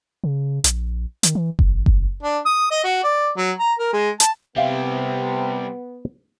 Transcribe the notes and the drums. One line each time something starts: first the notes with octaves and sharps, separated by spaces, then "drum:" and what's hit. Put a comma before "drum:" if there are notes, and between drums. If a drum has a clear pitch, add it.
C#3
A#1, drum: hi-hat
D#3, drum: hi-hat
E3
A1, drum: kick F#1
drum: kick F#1
D4
D#6
D#5
F#4
D5
F#3
A#5
A#4
G#3
A5, drum: hi-hat
C3 G3 B3 C4 E5 F5